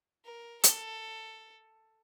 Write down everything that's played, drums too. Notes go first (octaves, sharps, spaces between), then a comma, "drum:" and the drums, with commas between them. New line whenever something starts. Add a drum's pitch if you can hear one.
A#4
A4, drum: hi-hat